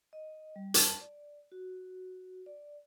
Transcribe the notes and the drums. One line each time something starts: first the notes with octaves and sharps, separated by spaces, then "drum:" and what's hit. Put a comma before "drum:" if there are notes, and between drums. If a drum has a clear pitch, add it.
D#5
G3
A5, drum: hi-hat
D5
F#4
D5